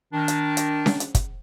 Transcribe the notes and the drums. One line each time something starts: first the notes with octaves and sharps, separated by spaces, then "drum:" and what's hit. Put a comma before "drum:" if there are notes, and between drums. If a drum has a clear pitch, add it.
D#3 D4
drum: hi-hat
drum: hi-hat
drum: snare C#4
drum: hi-hat
drum: kick, hi-hat